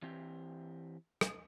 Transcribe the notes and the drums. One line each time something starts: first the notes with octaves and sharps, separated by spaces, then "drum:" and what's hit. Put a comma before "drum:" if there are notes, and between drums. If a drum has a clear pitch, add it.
E3 C4 G4
drum: rim click